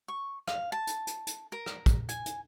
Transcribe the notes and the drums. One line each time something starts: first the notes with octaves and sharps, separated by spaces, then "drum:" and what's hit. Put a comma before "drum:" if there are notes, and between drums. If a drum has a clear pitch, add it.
C#6
F5, drum: rim click
A5
drum: hi-hat
drum: hi-hat
drum: hi-hat
A#4
drum: rim click
drum: kick, hi-hat
G#5, drum: hi-hat
drum: hi-hat